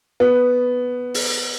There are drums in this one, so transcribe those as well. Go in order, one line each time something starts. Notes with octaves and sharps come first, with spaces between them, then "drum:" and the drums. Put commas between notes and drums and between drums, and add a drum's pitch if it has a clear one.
B3
drum: open hi-hat